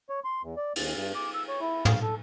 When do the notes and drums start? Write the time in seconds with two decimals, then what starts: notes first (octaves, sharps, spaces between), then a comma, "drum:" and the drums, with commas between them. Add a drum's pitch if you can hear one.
0.09 C#5
0.24 C6
0.42 E2
0.57 D5
0.76 D#2, drum: cymbal
0.94 G2
1.15 D6
1.34 E6
1.48 C#5
1.60 E4
1.85 F5, drum: tom
2.02 A4